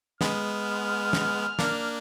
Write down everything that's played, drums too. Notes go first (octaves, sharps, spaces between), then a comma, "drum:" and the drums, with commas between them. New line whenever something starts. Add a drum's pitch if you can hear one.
G#3 B3 F6, drum: snare
drum: snare
A#3 D4, drum: snare